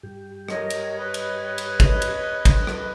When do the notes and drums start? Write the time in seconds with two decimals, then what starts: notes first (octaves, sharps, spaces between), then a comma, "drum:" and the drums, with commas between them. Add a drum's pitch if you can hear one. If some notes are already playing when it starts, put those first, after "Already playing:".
0.03 G2 G4
0.48 A#4 C#5 D#5, drum: rim click
0.70 drum: cymbal
0.98 B4 C#5 D#5
1.14 drum: cymbal
1.58 drum: cymbal
1.80 drum: kick, cymbal
2.02 drum: cymbal
2.45 drum: kick, cymbal
2.67 drum: rim click